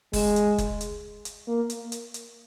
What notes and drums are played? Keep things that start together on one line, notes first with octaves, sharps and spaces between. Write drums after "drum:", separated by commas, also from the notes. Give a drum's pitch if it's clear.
G#3, drum: kick, open hi-hat
drum: hi-hat
drum: kick, hi-hat
drum: hi-hat
drum: hi-hat
A#3
drum: hi-hat
drum: hi-hat
drum: hi-hat